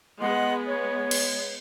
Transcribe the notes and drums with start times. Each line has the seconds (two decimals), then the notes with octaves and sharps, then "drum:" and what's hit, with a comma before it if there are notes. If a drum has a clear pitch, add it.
0.20 G#3 B3 D#5 F#5 C6
0.67 C#5
1.11 drum: cymbal